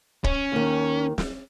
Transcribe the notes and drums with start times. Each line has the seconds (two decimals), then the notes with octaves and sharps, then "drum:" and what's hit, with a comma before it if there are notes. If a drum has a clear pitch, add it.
0.24 C#4, drum: kick
0.52 D#2 D#3
1.18 drum: snare